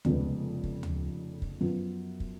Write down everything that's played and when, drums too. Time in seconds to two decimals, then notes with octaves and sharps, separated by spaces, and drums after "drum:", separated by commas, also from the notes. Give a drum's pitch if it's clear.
0.05 F1 F2 C#3 G#3 B3, drum: tom D2
0.63 drum: kick
0.83 drum: tom D2
1.42 drum: kick
1.61 F#2 F3 B3
2.20 drum: kick